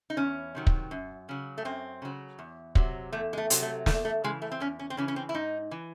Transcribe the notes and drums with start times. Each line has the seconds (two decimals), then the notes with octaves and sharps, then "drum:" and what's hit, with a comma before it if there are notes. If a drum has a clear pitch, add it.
0.10 D#4
0.17 E2 C#4
0.55 C3 D#3 F#3
0.67 drum: kick
0.91 F#2
1.29 C#3 F#3
1.58 A3
1.65 F#2 C4
2.02 C#3 F#3
2.39 E2
2.75 C3 F#3, drum: kick
3.13 E2 A3
3.33 G#3
3.38 A3
3.50 C3 F#3, drum: hi-hat
3.62 A3
3.86 E2 A3, drum: snare
4.05 A3
4.24 C#3 E3 G#3
4.42 A3
4.52 C4
4.60 E2 C#4
4.79 C#4
4.90 C4
4.97 C#3 E3 C#4
5.08 C#4
5.16 C4
5.29 E4
5.34 G#2 D#4
5.71 E3